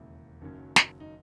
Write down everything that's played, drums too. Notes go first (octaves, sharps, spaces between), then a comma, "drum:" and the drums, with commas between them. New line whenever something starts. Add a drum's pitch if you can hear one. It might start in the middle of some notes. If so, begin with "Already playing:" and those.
Already playing: E1 D#2 C#3 E4
F#1 F#2 D#3 F#3 C#4
drum: snare
D#4